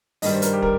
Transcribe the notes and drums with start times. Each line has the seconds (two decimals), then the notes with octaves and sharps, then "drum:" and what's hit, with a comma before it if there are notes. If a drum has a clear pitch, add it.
0.22 G2 D#3 G3 D#5, drum: open hi-hat
0.32 C5
0.42 A#4, drum: hi-hat
0.53 G4
0.62 A#4, drum: kick